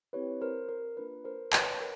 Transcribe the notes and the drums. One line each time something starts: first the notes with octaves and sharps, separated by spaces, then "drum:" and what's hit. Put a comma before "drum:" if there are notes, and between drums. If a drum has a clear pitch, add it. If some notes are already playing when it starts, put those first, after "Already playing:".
C4 E4 G4 B4 C#5
A#4 C5
A#4
A#3 D4 F4 B4
A#4 C5
B4 C#5, drum: clap
A#4